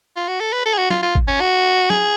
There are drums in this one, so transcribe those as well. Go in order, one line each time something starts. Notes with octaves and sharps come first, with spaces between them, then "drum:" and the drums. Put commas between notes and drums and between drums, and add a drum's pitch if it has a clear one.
F4
F#4
A4
B4
A4
G#4
F#4
F4, drum: snare
F4
drum: kick
C#4
F#4
G#4, drum: snare